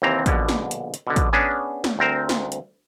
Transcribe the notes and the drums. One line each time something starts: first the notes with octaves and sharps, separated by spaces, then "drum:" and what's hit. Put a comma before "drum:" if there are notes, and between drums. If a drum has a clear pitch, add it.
D#2 C3 E3 C4 A#5
A#1 B2 D3, drum: kick, hi-hat
drum: snare
drum: hi-hat
drum: hi-hat
B2 D3
drum: kick, hi-hat
B3 C#4 D4 G#4
drum: snare
D2 C4 A#4 C5
drum: snare
drum: hi-hat